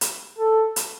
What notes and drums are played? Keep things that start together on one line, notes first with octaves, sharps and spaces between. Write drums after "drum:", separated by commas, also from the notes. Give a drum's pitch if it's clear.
drum: hi-hat
A4
drum: hi-hat